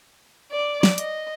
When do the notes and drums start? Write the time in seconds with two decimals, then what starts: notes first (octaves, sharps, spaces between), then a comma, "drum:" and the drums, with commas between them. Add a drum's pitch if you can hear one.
0.52 D5
0.83 drum: snare
0.98 D#5, drum: hi-hat